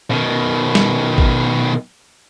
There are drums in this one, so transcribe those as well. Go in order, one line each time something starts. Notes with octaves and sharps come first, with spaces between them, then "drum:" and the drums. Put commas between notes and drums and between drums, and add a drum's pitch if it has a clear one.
B2 D#3
drum: snare
drum: kick